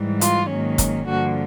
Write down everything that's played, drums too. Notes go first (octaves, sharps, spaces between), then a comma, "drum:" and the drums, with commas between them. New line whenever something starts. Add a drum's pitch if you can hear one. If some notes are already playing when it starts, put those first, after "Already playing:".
Already playing: G#2 E3 G3
F4, drum: hi-hat
G#2 D#3 F#3 A#3 C#4
drum: kick, hi-hat
G2 D3 F3 A#3 F#4